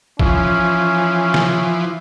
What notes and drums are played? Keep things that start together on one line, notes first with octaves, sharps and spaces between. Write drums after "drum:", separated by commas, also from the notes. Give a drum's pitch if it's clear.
E3 F3 C#4, drum: kick
drum: snare